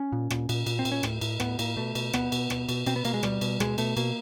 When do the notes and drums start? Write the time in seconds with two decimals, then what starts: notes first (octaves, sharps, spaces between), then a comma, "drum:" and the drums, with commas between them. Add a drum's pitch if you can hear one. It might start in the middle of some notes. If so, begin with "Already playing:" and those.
Already playing: C#4
0.12 A#2
0.30 A#2, drum: rim click
0.49 A#2, drum: cymbal
0.66 A#2, drum: cymbal
0.79 C4
0.85 A#2, drum: cymbal
0.92 C#4
1.03 A2, drum: rim click
1.21 A2, drum: cymbal
1.40 A2 B3, drum: rim click
1.59 A2 A#3, drum: cymbal
1.77 B2 A3
1.95 B2, drum: cymbal
2.13 B2 B3, drum: rim click
2.32 B2, drum: cymbal
2.50 B2, drum: rim click
2.69 B2, drum: cymbal
2.86 B2 C4, drum: cymbal
2.96 B3
3.05 B2 A#3, drum: cymbal
3.14 G#3
3.23 B2 G3, drum: rim click
3.41 B2, drum: cymbal
3.60 B2 G#3, drum: rim click
3.78 B2 A3, drum: cymbal
3.97 B2 A#3, drum: cymbal